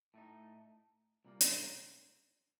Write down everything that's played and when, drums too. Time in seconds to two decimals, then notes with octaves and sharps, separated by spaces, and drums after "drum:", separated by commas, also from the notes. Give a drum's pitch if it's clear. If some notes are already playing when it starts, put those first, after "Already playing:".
0.14 A2 A3 D#4
1.25 C2 A#2 G3 A#3
1.41 drum: hi-hat